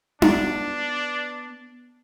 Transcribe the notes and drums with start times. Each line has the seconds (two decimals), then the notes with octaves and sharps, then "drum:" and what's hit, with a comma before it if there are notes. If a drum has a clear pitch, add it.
0.22 B3 D4, drum: tom D4